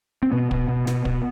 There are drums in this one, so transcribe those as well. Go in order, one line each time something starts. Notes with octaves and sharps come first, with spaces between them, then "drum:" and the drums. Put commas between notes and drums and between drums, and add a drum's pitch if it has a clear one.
C4
B2 B3
B2, drum: kick
B2
B2, drum: snare
B2, drum: kick